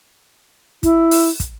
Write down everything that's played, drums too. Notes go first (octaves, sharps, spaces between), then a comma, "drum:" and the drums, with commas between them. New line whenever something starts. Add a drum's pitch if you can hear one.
E4, drum: kick, hi-hat
drum: open hi-hat
drum: kick, hi-hat